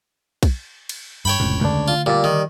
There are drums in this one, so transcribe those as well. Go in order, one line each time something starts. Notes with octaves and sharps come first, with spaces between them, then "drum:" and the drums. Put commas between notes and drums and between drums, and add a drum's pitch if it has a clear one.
drum: kick, cymbal
drum: cymbal
G2 C#5 G5 B5
F1 C#2 A2 C3
C#2 D3 A3 D4, drum: tom E2
F4
A#2 G3 D5
D#3